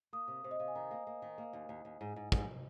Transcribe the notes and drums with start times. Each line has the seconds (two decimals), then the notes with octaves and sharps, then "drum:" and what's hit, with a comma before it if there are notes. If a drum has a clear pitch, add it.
0.13 A#3 D#6
0.28 C3
0.44 C3 C5
0.51 D#5
0.60 C3 F5
0.68 G#5
0.75 D#3 A#5
0.91 A#3
1.07 A#3
1.22 D#3
1.38 A#3
1.53 D#2
1.69 D#2
1.85 D#2
2.01 G#2
2.16 G#2
2.32 G#2, drum: kick